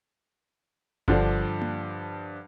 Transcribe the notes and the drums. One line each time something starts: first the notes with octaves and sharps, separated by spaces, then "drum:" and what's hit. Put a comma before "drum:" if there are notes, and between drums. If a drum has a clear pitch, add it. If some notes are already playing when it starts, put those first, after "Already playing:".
G2 D3 F3 D4, drum: kick G1
drum: tom A#3